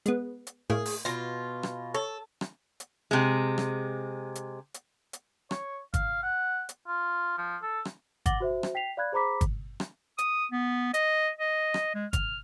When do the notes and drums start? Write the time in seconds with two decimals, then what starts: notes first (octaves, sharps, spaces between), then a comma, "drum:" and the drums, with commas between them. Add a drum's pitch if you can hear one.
0.06 G#3 B3, drum: hi-hat
0.47 drum: hi-hat
0.70 A2 A#3 G#4
0.86 drum: open hi-hat
1.05 B2 F4 A#6
1.63 drum: rim click
1.94 A4 C#5
2.41 drum: rim click
2.80 drum: hi-hat
3.11 C3 G#3
3.58 drum: rim click
4.35 drum: hi-hat
4.74 drum: hi-hat
5.13 drum: hi-hat
5.51 C#5, drum: rim click
5.94 F5, drum: kick, hi-hat
6.23 F#5
6.69 drum: hi-hat
6.87 F4
7.38 F3
7.62 A4
7.85 drum: rim click
8.26 F#5 D6 A6 A#6 F#7 G7, drum: kick, hi-hat
8.40 F#4 C5 E5
8.63 drum: rim click
8.75 G5 B6 C7 F7
8.97 D5 F5 B5 F#6 G#6
9.12 G#4 C5 A#5 B5 D6 B6
9.41 drum: kick, hi-hat
9.80 drum: rim click
10.18 D#6, drum: hi-hat
10.52 B3
10.94 D#5, drum: hi-hat
11.39 D#5
11.74 drum: rim click
11.95 G#3
12.13 F6, drum: kick, hi-hat